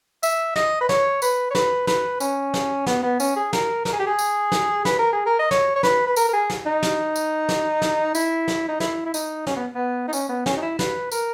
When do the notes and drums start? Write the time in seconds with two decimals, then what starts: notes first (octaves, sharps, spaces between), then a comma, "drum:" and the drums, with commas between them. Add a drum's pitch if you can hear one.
0.23 E5, drum: tambourine
0.56 D#5, drum: snare
0.81 B4
0.89 C#5, drum: snare
1.22 B4, drum: tambourine
1.51 C#5
1.55 B4, drum: snare
1.87 B4, drum: snare
2.20 C#4, drum: tambourine
2.54 drum: snare
2.86 B3, drum: snare
3.03 B3
3.20 C#4, drum: tambourine
3.36 G#4
3.53 A#4, drum: snare
3.85 A#4, drum: snare
3.93 G#4
3.99 G4
4.07 G#4
4.19 drum: tambourine
4.52 drum: snare
4.85 B4, drum: snare
4.99 A#4
5.12 G#4
5.26 A#4
5.39 D#5
5.51 C#5, drum: snare
5.76 C#5
5.83 B4, drum: snare
6.06 B4
6.16 A#4, drum: tambourine
6.29 A#4
6.33 G#4
6.50 drum: snare
6.66 D#4
6.83 drum: snare
7.16 drum: tambourine
7.49 drum: snare
7.82 drum: snare
8.15 E4, drum: tambourine
8.48 drum: snare
8.69 D#4
8.80 E4, drum: snare
9.06 E4
9.14 D#4, drum: tambourine
9.47 C#4, drum: snare
9.56 B3
9.75 B3
10.08 D#4
10.13 C#4, drum: tambourine
10.29 B3
10.46 C#4, drum: snare
10.57 D#4
10.62 E4
10.79 B4, drum: snare
11.12 A#4, drum: tambourine